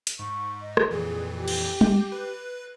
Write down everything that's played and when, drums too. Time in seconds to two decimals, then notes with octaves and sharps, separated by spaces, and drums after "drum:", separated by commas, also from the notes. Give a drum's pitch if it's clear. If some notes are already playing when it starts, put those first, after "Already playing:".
0.07 drum: hi-hat
0.19 G#2 C#6
0.62 D#5
0.77 drum: rim click
0.91 F2 A#2 E3 G#4
1.37 G4
1.48 drum: cymbal
1.81 drum: tom G3
2.12 B4